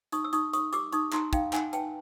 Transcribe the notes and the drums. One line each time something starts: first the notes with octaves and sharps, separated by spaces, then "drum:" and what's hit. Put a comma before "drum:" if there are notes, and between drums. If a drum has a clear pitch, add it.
D#4 C#6 D#6, drum: hi-hat
E6
D#4 C#6 D#6, drum: hi-hat
A#4 C#6 D#6, drum: hi-hat
G4 D6 E6, drum: hi-hat
D#4 C#6 D#6, drum: hi-hat
D#4 A#5 C6, drum: clap
D#4 F5 G5, drum: kick, hi-hat
D#4 F#5 G#5, drum: clap
B4 G5 A5, drum: hi-hat